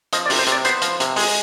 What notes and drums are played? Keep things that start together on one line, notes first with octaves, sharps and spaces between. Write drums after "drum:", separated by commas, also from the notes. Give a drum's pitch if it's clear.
F3 D#5, drum: hi-hat
D5
C3, drum: open hi-hat
C5
C3, drum: hi-hat
D5
B3 C5, drum: hi-hat
F3, drum: hi-hat
C3, drum: hi-hat
G#3, drum: open hi-hat